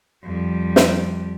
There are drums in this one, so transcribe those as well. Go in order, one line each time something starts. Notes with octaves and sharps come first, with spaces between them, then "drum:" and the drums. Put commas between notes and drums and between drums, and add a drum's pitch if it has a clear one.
F2 G3
drum: snare